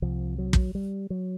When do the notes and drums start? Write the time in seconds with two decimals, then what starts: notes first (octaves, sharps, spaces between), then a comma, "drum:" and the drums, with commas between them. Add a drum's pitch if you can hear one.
0.02 C2 C3 F3
0.38 F#3
0.53 drum: kick
0.75 G3
1.10 F#3